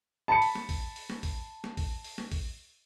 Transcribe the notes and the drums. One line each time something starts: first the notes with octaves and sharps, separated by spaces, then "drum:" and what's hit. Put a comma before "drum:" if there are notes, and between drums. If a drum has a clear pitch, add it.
A5 B5 C#7
drum: open hi-hat
drum: snare
drum: kick, open hi-hat
drum: open hi-hat
drum: snare
drum: kick, open hi-hat
drum: snare
drum: kick, open hi-hat
drum: open hi-hat
drum: snare
drum: kick, open hi-hat